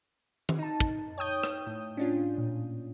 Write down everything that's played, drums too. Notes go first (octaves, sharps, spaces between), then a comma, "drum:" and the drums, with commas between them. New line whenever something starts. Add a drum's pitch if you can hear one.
drum: tom D#3
D#4 A5
drum: kick
C#5 G5 D#6 G6
drum: rim click
A2
C#4 D4 F4
A#2